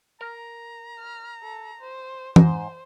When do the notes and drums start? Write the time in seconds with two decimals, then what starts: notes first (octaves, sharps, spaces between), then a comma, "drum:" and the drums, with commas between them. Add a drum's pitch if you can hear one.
0.21 A#4 A#5
0.99 F6
1.42 A4
1.80 C5
2.36 G#2 C5 D#5, drum: tom E3